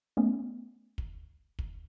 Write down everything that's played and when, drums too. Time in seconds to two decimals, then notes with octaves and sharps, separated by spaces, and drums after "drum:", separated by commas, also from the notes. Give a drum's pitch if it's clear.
0.17 A3 B3 C#4
0.98 drum: kick
1.59 drum: kick